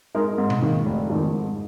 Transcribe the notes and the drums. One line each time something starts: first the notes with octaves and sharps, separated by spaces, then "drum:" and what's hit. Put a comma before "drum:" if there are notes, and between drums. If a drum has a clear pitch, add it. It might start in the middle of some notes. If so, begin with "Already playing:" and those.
G#3 D#4 A#4
G#2
drum: tom B2
D#3 A#3
F1
F2 D#3 G#3
G#2